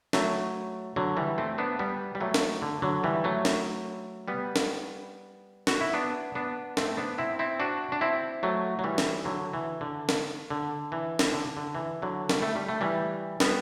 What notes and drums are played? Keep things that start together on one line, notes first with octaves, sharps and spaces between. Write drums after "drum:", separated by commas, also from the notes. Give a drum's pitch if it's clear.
F#3 A3, drum: snare
D3 F#3
E3 G3
A3 C4
B3 D4
G3 B3
G3
F#3 A3
drum: snare
D3
D3 F#3
E3 G3
F#3 A3
drum: snare
G3 B3
drum: snare
F#4, drum: snare
E4
B3 D4
B3 D4
A3 C4, drum: snare
B3 D4
C4 E4
C4 E4
D4 F#4
D4
C4 E4
F#3 A3
F#3
E3 G3
drum: snare
D3 F#3
E3
D3
drum: snare
D3
E3
drum: snare
D3
D3
E3
D3 F#3
G3, drum: snare
A3
G3
A3
E3 G3
G3 B3, drum: snare